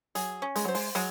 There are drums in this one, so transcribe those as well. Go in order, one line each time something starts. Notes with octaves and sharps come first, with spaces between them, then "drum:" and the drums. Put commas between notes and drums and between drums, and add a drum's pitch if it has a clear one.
F#3 G#4, drum: hi-hat
C#4
G#3, drum: hi-hat
F#3 C5
G#3, drum: open hi-hat
F#3 G#3, drum: hi-hat